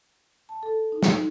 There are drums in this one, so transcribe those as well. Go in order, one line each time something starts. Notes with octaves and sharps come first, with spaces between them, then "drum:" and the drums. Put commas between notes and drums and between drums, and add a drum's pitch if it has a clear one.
A5
A4
D#4
drum: snare
D#4